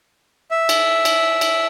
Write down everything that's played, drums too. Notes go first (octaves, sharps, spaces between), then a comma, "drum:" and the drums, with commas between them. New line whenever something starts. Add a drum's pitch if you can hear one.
E5
drum: cymbal
drum: cymbal
drum: cymbal